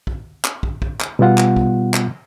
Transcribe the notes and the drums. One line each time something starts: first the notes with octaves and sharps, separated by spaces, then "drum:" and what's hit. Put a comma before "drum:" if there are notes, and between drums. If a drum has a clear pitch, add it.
drum: kick
drum: clap
drum: kick
drum: kick
drum: clap
B2 G3 B3 F4 F#5
drum: clap
drum: kick
drum: clap